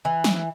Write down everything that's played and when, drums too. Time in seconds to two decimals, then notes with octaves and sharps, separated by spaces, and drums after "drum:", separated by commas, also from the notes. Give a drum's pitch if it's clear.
0.05 E3
0.24 drum: snare